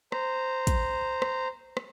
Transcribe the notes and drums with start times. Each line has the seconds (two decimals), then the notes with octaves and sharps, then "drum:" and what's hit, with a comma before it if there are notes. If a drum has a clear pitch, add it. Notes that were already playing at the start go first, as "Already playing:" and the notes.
0.12 C5 A#5, drum: rim click
0.67 drum: kick, hi-hat
1.22 drum: rim click
1.77 drum: rim click